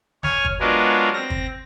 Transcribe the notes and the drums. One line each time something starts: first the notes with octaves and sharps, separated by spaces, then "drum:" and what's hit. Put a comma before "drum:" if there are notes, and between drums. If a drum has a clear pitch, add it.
C#5 G#5 F6, drum: snare
drum: kick G1
F#3 G#3 B3 D4 F4 A#4
C4 A#6
drum: kick G1